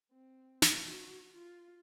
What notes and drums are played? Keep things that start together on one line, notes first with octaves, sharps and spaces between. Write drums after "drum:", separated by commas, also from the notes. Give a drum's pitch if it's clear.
C4
drum: snare
F#4
F4